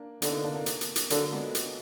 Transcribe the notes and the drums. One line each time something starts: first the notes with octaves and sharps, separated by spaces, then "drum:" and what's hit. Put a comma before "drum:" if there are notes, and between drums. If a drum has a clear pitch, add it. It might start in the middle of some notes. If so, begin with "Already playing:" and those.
Already playing: A#3 D4
D3 B3 D#4, drum: hi-hat
A#3 D4
A#3 D4
A#3 D4
drum: hi-hat
drum: hi-hat
drum: hi-hat
D3 F#3 A#3, drum: hi-hat
G#3 B3
drum: hi-hat